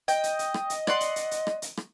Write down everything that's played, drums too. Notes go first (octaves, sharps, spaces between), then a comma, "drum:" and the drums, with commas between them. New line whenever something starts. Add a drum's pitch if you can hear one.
D#5 G5, drum: hi-hat
drum: hi-hat
drum: hi-hat
drum: rim click
drum: hi-hat
D5 F#5 C6, drum: rim click
drum: hi-hat
drum: hi-hat
drum: hi-hat
drum: rim click
drum: hi-hat
drum: rim click